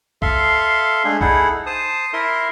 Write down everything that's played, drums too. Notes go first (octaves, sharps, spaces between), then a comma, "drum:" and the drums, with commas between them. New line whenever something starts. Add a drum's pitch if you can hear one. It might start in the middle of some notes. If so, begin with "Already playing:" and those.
A4 E5 F5 C6, drum: kick B1
G#3 A3 D4 G#4
D#4 E4 G#4 A4 F#5, drum: kick B1
C5 A5 D#6
E4 A#4 E5 C6